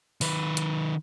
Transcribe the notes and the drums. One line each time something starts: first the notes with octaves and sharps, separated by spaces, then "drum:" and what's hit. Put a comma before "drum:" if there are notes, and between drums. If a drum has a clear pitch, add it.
D#3 B4, drum: open hi-hat
drum: hi-hat